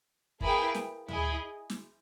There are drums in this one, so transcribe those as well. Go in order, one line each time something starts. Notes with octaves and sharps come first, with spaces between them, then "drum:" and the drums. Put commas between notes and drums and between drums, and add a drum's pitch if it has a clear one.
A#3 E4 G#4 B4 G5, drum: kick
drum: snare
E4 G#4 D#5 G#5, drum: tom D2
drum: snare